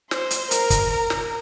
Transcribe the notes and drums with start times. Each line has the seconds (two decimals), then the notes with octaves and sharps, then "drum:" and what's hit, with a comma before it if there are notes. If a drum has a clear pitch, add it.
0.11 C5, drum: snare
0.31 drum: hi-hat
0.51 A#4, drum: hi-hat
0.70 drum: kick, hi-hat
0.90 A#4
1.10 drum: snare